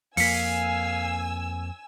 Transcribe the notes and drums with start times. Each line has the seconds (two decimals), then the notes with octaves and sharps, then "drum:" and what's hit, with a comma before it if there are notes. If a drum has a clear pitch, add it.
0.17 F2 A#3 F5 G#5 E6 B6 C#7, drum: open hi-hat